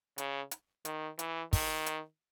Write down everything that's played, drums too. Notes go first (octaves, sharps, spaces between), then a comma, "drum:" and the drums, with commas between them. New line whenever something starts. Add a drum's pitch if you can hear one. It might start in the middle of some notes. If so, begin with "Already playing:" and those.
C#3, drum: hi-hat
drum: hi-hat
D#3, drum: hi-hat
E3, drum: hi-hat
D#3, drum: kick, open hi-hat
drum: hi-hat